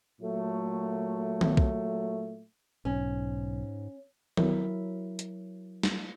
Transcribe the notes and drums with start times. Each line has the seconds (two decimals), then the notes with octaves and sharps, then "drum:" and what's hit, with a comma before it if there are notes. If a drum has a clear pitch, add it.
0.21 A#2 F#3 A3
1.41 drum: tom D#3
1.57 drum: kick B1
2.85 B1 G#2 C#4
4.37 F#3 E4 A#4 E5, drum: tom D#3
5.19 drum: hi-hat
5.83 drum: snare